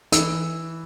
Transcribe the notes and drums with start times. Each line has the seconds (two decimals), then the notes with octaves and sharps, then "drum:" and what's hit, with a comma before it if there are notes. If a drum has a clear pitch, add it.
0.12 E3 E6, drum: hi-hat